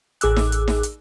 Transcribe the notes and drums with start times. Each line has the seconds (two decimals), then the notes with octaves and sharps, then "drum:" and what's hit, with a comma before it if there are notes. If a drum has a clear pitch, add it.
0.21 A1 G#4 D6 E6 F#6, drum: hi-hat
0.37 drum: snare D#4
0.52 drum: hi-hat
0.68 drum: snare D#4
0.83 drum: hi-hat